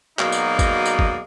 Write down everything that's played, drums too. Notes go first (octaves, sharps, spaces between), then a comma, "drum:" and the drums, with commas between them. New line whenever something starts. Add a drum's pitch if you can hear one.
B2 F#3 G#3 A#3 D#4 D5, drum: clap
drum: tambourine
drum: kick, tambourine
drum: tambourine
drum: kick